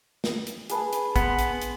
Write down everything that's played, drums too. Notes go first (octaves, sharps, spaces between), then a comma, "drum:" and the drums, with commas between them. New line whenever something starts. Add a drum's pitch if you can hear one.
drum: snare
drum: hi-hat
G#4 B4 A5, drum: hi-hat
drum: hi-hat
B3 C6, drum: kick, hi-hat
drum: hi-hat
drum: hi-hat